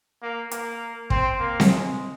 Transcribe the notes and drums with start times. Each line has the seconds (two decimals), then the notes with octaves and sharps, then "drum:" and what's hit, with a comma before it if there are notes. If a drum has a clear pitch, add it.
0.23 A#3
0.51 A#3, drum: hi-hat
1.10 C4, drum: kick
1.39 A#3
1.60 drum: snare C4
1.69 G#3